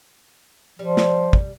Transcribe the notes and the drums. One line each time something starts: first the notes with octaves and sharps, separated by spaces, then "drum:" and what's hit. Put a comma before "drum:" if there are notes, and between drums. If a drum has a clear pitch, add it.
F3 G3
drum: snare
drum: kick